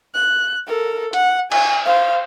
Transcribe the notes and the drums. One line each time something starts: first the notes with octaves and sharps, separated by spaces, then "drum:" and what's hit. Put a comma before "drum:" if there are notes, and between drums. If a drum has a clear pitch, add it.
F#6
A4 A#4
F#5, drum: hi-hat
G#5, drum: cymbal
C5 F5